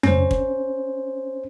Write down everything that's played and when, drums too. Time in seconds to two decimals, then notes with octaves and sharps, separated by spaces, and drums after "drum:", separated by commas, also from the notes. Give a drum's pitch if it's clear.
0.03 C#4 C5, drum: tom F2
0.31 drum: kick